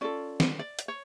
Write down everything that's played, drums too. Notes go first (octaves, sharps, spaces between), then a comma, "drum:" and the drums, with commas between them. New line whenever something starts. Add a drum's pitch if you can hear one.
C#4 F4 A4 D5
drum: snare
D5
drum: hi-hat
C#5